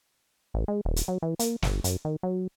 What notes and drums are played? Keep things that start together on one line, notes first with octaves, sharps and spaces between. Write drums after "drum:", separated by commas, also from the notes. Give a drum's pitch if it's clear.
A1
G#3
D#1
drum: hi-hat
F#3
E3
A#3, drum: hi-hat
G1, drum: snare
F#2, drum: hi-hat
D#3
F#3